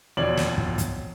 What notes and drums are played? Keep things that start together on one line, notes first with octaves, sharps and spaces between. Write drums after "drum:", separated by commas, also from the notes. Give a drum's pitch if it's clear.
E1 F2 C#5 D5 F#7
drum: snare
drum: kick
drum: kick, hi-hat